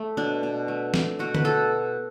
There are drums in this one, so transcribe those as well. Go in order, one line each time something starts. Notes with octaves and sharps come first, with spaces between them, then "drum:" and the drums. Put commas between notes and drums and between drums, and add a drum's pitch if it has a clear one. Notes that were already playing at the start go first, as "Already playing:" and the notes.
Already playing: A3
B2 D4
B2
A3
A3, drum: snare
B2 F#4
B4, drum: tom D3
B2 A4